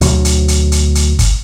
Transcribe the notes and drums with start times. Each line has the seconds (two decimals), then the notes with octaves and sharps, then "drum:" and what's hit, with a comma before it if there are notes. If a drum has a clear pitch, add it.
0.01 D2 B2 F#3, drum: hi-hat
0.25 drum: hi-hat
0.48 drum: hi-hat
0.72 drum: hi-hat
0.95 drum: hi-hat
1.19 drum: kick G1, hi-hat